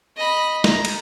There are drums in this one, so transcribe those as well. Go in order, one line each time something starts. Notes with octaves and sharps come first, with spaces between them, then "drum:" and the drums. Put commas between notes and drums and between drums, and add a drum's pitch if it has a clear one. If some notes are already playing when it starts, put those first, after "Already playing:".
D#5 B5
A#5, drum: snare
drum: cymbal